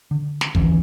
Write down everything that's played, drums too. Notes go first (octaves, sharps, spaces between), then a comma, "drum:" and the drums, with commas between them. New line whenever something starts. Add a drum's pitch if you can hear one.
D3
drum: snare
D#2 D3 E3 C#4, drum: kick